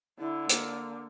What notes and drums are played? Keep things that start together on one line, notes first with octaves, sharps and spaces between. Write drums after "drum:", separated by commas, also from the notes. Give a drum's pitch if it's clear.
D3 E4
A#3, drum: hi-hat